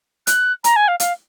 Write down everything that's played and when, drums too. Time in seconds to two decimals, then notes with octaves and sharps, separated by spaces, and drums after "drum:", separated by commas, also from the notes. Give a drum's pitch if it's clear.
0.27 F#6, drum: hi-hat
0.64 A#5, drum: hi-hat
0.76 G#5
0.88 F5
1.00 F5, drum: hi-hat